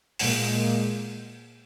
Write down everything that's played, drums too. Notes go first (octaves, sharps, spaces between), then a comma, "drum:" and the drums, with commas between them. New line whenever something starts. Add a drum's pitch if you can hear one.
A#2 G#3 A#3, drum: open hi-hat